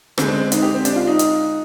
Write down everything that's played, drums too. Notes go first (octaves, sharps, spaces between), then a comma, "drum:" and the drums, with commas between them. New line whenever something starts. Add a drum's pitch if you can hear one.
D3 G#3 C4, drum: rim click
C4
D#4, drum: hi-hat
G4
C4
D4, drum: hi-hat
F4
D#4
drum: hi-hat